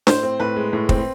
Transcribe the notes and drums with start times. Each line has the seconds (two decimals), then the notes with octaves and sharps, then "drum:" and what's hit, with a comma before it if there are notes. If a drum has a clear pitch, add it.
0.07 A2 C5, drum: snare D4
0.23 C4
0.40 A2 B4
0.56 G#3
0.73 A2
0.89 C4, drum: kick